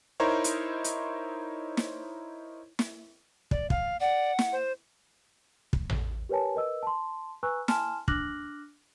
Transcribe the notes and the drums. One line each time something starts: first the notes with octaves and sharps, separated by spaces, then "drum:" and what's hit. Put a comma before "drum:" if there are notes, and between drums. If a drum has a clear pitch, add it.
D#4 E4 A#4 C5 C#5
drum: hi-hat
drum: hi-hat
drum: snare
drum: snare
D5, drum: kick
F5, drum: kick
D5 F#5
drum: snare
C5
drum: kick
drum: tom A1
G4 A#4 B4 C#5 G#5 A5
A#4 B4 D#5 E6
A5 C6
B4 G#5 A#5 C#6 E6 F#6
G#5 A5 C6 F6 E7, drum: snare
D4 D6 F6 F#6 A#6 F#7, drum: kick